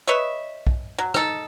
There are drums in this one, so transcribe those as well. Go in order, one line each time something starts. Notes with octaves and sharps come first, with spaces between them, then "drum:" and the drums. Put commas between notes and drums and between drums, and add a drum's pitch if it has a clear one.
B4 C#5 D#5 E5
drum: kick B1
F#3
D#4 A4, drum: rim click